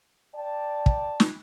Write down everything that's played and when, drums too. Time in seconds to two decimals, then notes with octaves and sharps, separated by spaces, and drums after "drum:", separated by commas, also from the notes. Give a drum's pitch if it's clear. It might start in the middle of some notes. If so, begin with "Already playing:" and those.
0.35 D5 G5 A5
0.86 drum: kick
1.20 drum: snare